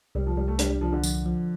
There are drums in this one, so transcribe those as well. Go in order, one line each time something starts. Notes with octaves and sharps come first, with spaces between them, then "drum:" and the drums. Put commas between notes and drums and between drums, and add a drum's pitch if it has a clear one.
C2 G3
F3
C2 G3
A3
G3 D4, drum: hi-hat
G3
C2 F3
D3
F3, drum: tambourine
F3